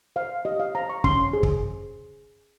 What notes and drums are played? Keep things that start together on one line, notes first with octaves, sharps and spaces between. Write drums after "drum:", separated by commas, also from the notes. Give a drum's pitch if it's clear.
C5 F5
G4 D#5
F5
C5 A#5
C#6
C#4 C6, drum: kick
G#4 C5
drum: kick